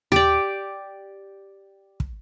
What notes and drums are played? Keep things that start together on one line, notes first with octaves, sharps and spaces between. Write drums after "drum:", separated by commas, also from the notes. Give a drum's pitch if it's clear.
G4 D5, drum: tom D#2
drum: kick